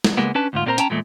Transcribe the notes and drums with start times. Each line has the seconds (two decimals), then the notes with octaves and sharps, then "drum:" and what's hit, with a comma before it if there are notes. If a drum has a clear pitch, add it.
0.04 drum: snare
0.17 C#2 G#3 A#3 B3
0.35 C#4 D4 B4 A5
0.53 D2 G#2 F4
0.66 A#2 G3 C4 A#4 C5 A#5
0.78 C#4 G5 A5 A#5, drum: hi-hat
0.90 E2 A#2 E3 G#3 A3